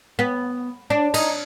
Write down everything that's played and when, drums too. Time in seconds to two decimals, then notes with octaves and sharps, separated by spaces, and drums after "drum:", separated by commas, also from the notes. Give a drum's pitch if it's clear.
0.19 B3
0.90 D4
1.14 D#4, drum: cymbal